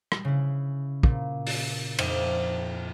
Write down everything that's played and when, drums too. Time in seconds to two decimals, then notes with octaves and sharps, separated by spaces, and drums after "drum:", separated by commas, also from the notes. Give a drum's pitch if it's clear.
0.12 drum: rim click
0.25 C#3 E4
1.03 A#2, drum: kick
1.47 drum: open hi-hat
1.99 F2 D#4 E5 G5 D6, drum: cymbal